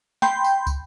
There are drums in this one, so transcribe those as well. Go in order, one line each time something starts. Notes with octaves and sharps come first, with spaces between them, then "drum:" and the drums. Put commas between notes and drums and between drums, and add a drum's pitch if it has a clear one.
G5 B5 C6 G6, drum: snare
drum: tambourine
drum: kick, tambourine